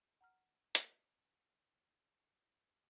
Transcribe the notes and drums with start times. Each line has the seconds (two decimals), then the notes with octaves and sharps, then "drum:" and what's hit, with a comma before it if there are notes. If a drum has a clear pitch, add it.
0.21 F#5 A#5 F6
0.75 drum: hi-hat